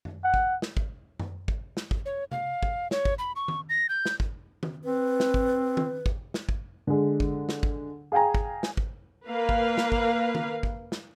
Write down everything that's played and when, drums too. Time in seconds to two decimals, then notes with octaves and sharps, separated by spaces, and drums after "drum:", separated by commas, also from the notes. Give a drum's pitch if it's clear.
0.05 drum: tom F#2
0.24 F#5
0.34 drum: kick
0.62 drum: snare
0.77 drum: kick
1.20 drum: tom F#2
1.48 drum: kick
1.77 drum: snare
1.91 drum: kick
2.06 C#5
2.32 F5, drum: tom C3
2.63 drum: kick
2.91 C#5, drum: snare
3.05 drum: kick
3.19 B5
3.36 C#6
3.48 drum: tom D#3
3.69 A#6
3.89 G6
4.06 drum: snare
4.20 drum: kick
4.63 drum: tom D#3
4.85 C4 B4
5.20 drum: snare
5.34 drum: kick
5.77 drum: tom D#3
6.06 drum: kick
6.34 drum: snare
6.49 drum: kick
6.87 D3 G#3
7.20 drum: kick
7.49 drum: snare
7.63 drum: kick
8.12 G#4 F5 G5 G#5 A#5
8.35 drum: kick
8.63 drum: snare
8.77 drum: kick
9.26 A#3 B4 F5
9.49 drum: kick
9.78 drum: snare
9.92 drum: kick
10.35 drum: tom D#3
10.63 drum: kick
10.92 drum: snare